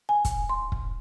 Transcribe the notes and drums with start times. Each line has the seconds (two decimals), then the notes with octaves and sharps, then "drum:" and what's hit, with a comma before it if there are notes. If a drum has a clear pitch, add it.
0.09 G#5
0.25 drum: kick, hi-hat
0.49 C6
0.72 drum: kick